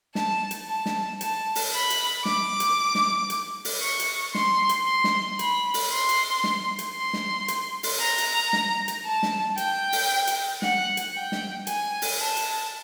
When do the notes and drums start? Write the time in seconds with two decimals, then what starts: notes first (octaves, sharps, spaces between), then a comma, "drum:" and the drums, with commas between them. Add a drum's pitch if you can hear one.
0.15 A5, drum: snare
0.51 drum: hi-hat
0.68 A5
0.86 drum: snare
1.21 A5, drum: hi-hat
1.55 drum: open hi-hat
1.73 B5
1.90 drum: hi-hat
2.25 D6, drum: snare
2.60 drum: hi-hat
2.95 drum: snare
3.30 drum: hi-hat
3.65 drum: open hi-hat
3.82 C#6
4.00 drum: hi-hat
4.35 C6, drum: snare
4.69 drum: hi-hat
4.87 C6
5.04 drum: snare
5.39 B5, drum: hi-hat
5.74 drum: open hi-hat
5.91 C6
6.09 drum: hi-hat
6.44 drum: snare
6.79 drum: hi-hat
6.96 C6
7.13 drum: snare
7.48 drum: hi-hat
7.83 drum: open hi-hat
8.01 A#5
8.18 drum: hi-hat
8.53 drum: snare
8.88 drum: hi-hat
9.06 A5
9.23 drum: snare
9.57 G5, drum: hi-hat
9.92 drum: open hi-hat
10.27 drum: hi-hat
10.62 F#5, drum: snare
10.97 drum: hi-hat
11.14 G5
11.32 drum: snare
11.67 G#5, drum: hi-hat
12.02 drum: open hi-hat
12.19 A5
12.37 drum: hi-hat